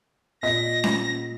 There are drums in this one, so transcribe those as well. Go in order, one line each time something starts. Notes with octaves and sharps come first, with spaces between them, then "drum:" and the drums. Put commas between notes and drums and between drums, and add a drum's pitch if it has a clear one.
A#2 D#5 A#6 B6
drum: snare C#4